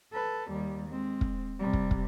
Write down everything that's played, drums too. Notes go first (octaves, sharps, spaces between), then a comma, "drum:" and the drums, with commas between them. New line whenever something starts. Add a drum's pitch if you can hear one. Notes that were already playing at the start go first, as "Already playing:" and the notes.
A4 B4
D#2 G3
G#3 C4
drum: kick
C3 G3
drum: kick
drum: kick